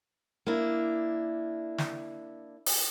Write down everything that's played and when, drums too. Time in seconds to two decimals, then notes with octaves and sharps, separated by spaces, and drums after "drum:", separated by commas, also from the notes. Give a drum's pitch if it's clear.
0.46 A#3 D4 E4
1.78 drum: snare
2.66 drum: open hi-hat